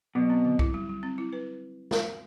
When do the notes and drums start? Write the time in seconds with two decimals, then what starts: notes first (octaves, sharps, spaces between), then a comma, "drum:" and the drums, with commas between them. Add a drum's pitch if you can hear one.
0.15 B2 F#3
0.30 C4
0.45 D3
0.59 E4, drum: kick B1
0.74 G3
0.89 G3
1.03 C4
1.18 E4
1.33 B4
1.91 drum: snare